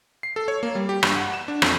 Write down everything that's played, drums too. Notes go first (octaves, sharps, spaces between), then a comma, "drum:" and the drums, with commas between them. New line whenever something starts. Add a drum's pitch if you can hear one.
C7
A4
C#5
A#3
G3
G4
G2, drum: rim click
F#5
E7
D4
F2, drum: rim click